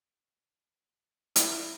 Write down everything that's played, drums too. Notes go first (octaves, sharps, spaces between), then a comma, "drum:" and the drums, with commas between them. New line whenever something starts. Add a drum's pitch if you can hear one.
E4, drum: hi-hat